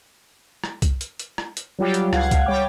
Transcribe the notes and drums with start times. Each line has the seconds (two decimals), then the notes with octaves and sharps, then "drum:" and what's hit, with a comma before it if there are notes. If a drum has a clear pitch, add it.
0.64 drum: rim click
0.82 drum: kick C2, hi-hat
1.01 drum: hi-hat
1.19 drum: hi-hat
1.38 drum: rim click
1.57 drum: hi-hat
1.79 F#3 G3 F4 G4
1.94 drum: hi-hat
2.13 C#2 F5 F#5 G#6, drum: rim click
2.31 drum: kick C2, hi-hat
2.46 G3 C#5 G5 D6